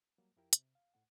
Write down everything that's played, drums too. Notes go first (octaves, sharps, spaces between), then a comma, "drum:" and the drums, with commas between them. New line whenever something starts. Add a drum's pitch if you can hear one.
F#3 G3 A#3
F2 F3 E4 G4 A#4 G5
C3, drum: hi-hat
F5
A2 A3 F#5